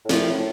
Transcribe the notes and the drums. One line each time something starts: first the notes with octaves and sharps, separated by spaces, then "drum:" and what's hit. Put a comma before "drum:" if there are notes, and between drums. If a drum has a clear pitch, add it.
A2
A#2 F3 A3 E4, drum: snare
A2